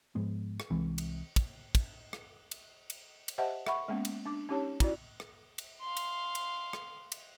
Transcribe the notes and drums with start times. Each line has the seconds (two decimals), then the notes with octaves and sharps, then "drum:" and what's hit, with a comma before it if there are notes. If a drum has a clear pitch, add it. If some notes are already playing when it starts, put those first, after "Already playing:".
0.15 G#2 F3 G#3 B3
0.60 drum: rim click
0.70 C2 E3 G#3 C4
0.98 drum: cymbal
1.36 drum: kick, cymbal
1.75 drum: kick, cymbal
2.13 drum: rim click
2.51 drum: cymbal
2.90 drum: cymbal
3.28 drum: cymbal
3.38 G4 C5 D#5 E5 F#5 A5
3.66 E5 F#5 B5 C#6, drum: rim click
3.88 G#3 A#3 B3 C#4
4.05 drum: cymbal
4.26 D4 D6
4.49 C#4 D#4 G4 C#5 A5
4.80 E4 F#4 D5, drum: kick, cymbal
5.20 drum: rim click
5.58 drum: cymbal
5.81 F5 C6
5.97 drum: cymbal
6.35 drum: cymbal
6.73 drum: rim click
7.12 drum: cymbal